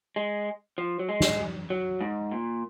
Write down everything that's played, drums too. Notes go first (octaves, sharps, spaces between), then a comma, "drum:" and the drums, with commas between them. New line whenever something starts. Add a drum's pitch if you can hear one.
G#3
F3
F#3
G#3
drum: snare
F#3
G#2
A#2